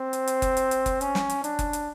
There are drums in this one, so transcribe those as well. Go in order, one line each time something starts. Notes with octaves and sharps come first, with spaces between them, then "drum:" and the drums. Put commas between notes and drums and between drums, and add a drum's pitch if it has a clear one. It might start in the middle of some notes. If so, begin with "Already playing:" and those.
Already playing: C4
drum: hi-hat
drum: hi-hat
drum: kick F#1, hi-hat
drum: hi-hat
drum: hi-hat
drum: kick F#1, hi-hat
C#4, drum: hi-hat
drum: snare
drum: hi-hat
D4, drum: hi-hat
drum: kick F#1, hi-hat
drum: hi-hat